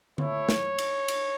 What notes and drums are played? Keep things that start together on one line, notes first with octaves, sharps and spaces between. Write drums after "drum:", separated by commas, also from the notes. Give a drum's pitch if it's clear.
A3 E4 C#5, drum: tom D3
drum: snare
drum: cymbal
drum: cymbal